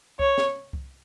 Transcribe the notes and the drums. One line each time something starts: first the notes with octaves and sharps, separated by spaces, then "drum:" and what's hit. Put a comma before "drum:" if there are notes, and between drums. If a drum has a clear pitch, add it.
C#5, drum: kick C2
drum: snare
drum: kick C2